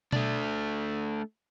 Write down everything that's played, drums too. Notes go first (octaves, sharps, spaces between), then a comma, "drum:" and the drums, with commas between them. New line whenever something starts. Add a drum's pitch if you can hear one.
A3 D4, drum: tom B2